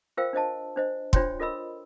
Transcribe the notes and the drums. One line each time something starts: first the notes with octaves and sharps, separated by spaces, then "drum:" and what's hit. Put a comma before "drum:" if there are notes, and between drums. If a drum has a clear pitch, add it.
F4 A#4 C5 F5 G5 E6
D4 C5 D#5 A5
D4 C5 D#5
D4 F4 C5 C#5 G5 C6, drum: kick
F4 A4 A#4 D#5 B5 E6